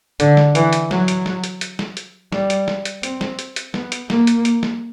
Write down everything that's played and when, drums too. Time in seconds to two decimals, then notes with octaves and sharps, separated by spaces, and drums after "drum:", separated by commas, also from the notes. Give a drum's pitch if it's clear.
0.20 D3, drum: hi-hat
0.37 drum: snare
0.55 E3, drum: hi-hat
0.73 drum: hi-hat
0.91 F#3, drum: snare
1.08 drum: hi-hat
1.26 drum: snare
1.44 drum: hi-hat
1.61 drum: hi-hat
1.79 drum: snare
1.97 drum: hi-hat
2.32 G3, drum: snare
2.50 drum: hi-hat
2.68 drum: snare
2.85 drum: hi-hat
3.03 C4, drum: hi-hat
3.21 drum: snare
3.39 drum: hi-hat
3.56 drum: hi-hat
3.74 B3, drum: snare
3.92 drum: hi-hat
4.10 A#3, drum: snare
4.27 drum: hi-hat
4.45 drum: hi-hat
4.63 drum: snare